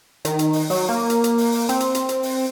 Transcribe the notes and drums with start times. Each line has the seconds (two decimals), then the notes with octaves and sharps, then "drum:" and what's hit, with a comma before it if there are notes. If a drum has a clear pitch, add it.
0.25 D#3, drum: hi-hat
0.39 drum: hi-hat
0.53 drum: open hi-hat
0.70 F#3, drum: open hi-hat
0.89 A#3
1.10 drum: hi-hat
1.24 drum: hi-hat
1.38 drum: open hi-hat
1.52 drum: open hi-hat
1.69 C4, drum: hi-hat
1.80 drum: hi-hat
1.95 drum: hi-hat
2.09 drum: hi-hat
2.23 drum: open hi-hat